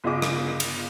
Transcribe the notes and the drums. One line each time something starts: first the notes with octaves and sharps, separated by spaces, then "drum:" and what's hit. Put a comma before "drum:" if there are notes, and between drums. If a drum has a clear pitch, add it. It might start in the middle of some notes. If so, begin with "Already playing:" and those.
G1 C#3 F4 G#4 D#5 D6
drum: rim click
drum: cymbal